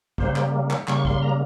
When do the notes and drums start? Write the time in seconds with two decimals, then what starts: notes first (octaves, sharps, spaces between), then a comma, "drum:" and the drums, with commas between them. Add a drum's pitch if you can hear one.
0.18 C#3 G3 A#3 C5, drum: kick
0.36 drum: clap
0.70 drum: clap
0.88 C#3 G3 A#3 C#6, drum: clap
1.05 C6, drum: kick
1.22 A#5